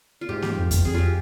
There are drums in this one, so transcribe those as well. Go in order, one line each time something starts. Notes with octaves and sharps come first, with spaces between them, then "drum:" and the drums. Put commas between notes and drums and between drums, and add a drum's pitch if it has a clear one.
F4
G#2 G4
G4, drum: snare A#3
F2
E2, drum: kick F2, hi-hat
F2 G#4
F4 G4